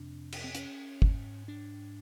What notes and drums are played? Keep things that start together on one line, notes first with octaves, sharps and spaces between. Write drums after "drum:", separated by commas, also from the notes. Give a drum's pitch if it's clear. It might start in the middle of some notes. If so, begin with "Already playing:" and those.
Already playing: F2 C3 D4
drum: cymbal
C4
C#4, drum: hi-hat
G#2, drum: kick
D4